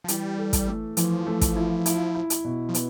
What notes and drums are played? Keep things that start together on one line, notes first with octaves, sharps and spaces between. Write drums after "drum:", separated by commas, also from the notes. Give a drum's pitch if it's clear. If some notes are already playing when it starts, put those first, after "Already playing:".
F3
E3 G3, drum: hi-hat
A4
drum: kick, hi-hat
A3
E3 F3, drum: hi-hat
A3
drum: kick, hi-hat
E4
E4, drum: hi-hat
E4
drum: hi-hat
B2
F3
B3, drum: hi-hat